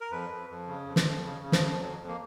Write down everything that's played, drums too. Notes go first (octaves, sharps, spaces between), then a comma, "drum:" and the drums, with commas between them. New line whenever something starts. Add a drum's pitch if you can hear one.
A#4
F2 B4
F2
F2
C#3
F2
drum: snare
F2
C#3
C#3
F3, drum: snare
F2
F3
F2 F#3
F2
A#3